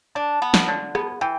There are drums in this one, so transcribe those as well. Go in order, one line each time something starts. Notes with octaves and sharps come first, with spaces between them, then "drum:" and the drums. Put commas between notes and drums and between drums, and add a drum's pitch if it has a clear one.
D4 A5
B3
drum: snare
D3
B3, drum: rim click
E3 G5